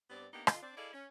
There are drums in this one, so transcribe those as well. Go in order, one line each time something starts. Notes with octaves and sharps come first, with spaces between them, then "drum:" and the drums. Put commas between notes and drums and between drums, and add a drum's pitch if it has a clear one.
G2 B3 C4 G4 D5
A#3 B3 D4 D#4 G4
D3 F4 D#5, drum: rim click
C4 D4 D5
E4 G#4 A4 D5 D#5 F5
C#4